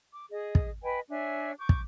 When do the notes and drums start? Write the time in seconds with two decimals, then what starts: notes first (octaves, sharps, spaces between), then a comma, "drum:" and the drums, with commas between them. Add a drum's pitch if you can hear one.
0.12 D6
0.29 G#4 D#5
0.55 drum: kick
0.83 B4 D#5 G5 G#5
1.09 D4 C#5 E5 G#5
1.57 C#6 D6 G6
1.69 drum: kick